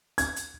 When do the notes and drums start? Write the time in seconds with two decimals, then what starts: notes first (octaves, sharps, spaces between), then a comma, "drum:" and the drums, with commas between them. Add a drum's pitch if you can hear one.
0.18 G#6, drum: hi-hat
0.36 drum: hi-hat